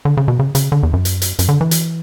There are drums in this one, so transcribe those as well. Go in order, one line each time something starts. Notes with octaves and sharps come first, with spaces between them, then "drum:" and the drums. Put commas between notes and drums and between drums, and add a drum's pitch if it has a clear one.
D3
C#3
B2
C#3
C#3, drum: hi-hat
D3
E2
F#2
drum: hi-hat
drum: hi-hat
F#2, drum: hi-hat
D3
E3
drum: hi-hat